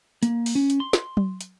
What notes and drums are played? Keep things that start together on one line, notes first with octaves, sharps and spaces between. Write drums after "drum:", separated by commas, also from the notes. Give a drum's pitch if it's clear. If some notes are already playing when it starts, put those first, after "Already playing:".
A#3, drum: hi-hat
drum: open hi-hat
C#4
drum: hi-hat
C6
drum: snare
drum: tom F#3
drum: hi-hat